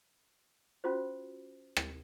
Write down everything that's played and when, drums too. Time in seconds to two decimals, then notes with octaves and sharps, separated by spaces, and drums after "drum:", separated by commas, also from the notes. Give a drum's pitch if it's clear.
0.84 C#4 F4 F#4 C5
1.77 drum: rim click